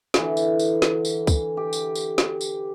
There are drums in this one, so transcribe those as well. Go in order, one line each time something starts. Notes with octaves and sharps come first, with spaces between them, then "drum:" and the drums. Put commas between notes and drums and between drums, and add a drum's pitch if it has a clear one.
D3 E3, drum: snare
drum: tambourine
drum: tambourine
drum: snare
drum: tambourine
drum: kick, tambourine
G4
drum: tambourine
drum: tambourine
drum: snare
drum: tambourine